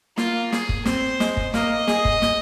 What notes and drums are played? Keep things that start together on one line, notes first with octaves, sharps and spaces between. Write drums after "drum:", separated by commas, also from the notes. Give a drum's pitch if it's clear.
A#3 F4, drum: snare
G#4, drum: snare
drum: kick
C4 C5, drum: snare
G#3, drum: snare
drum: kick
A#3 D#5, drum: snare
G#4, drum: snare
drum: kick
drum: snare